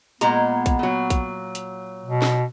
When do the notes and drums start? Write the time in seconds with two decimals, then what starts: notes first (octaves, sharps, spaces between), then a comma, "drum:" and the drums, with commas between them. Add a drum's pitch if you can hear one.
0.21 A#2 G#3 B3 A#5, drum: hi-hat
0.66 drum: kick, hi-hat
0.79 A#2 F#3
1.10 drum: kick, hi-hat
1.55 drum: hi-hat
2.06 B2
2.22 drum: snare